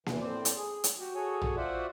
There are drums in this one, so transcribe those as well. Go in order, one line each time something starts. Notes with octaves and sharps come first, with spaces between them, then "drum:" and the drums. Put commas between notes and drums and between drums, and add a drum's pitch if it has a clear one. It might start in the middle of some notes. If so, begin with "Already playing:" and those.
E2 E3, drum: snare A#3
A2 C4 C5 D5
drum: hi-hat
G#4
drum: hi-hat
F#4 G4
F#4 G#4 A4 C#5 G#5
drum: tom A#1
F4 F#4 C5 D5 E5 F#5